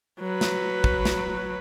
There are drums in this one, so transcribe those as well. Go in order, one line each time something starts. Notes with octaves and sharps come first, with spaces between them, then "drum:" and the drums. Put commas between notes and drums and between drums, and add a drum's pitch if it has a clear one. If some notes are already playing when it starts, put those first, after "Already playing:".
F#3 B4
drum: snare
drum: kick
drum: snare